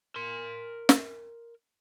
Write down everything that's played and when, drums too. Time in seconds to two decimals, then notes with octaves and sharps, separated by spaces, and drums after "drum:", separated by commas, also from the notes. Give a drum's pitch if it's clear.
0.16 A#4 C6
0.89 drum: snare